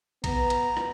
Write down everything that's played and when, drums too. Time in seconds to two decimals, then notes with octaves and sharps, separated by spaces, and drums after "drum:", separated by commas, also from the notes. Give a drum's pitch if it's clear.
0.24 B3 A#5, drum: kick A#1, cymbal
0.50 drum: cymbal
0.77 drum: rim click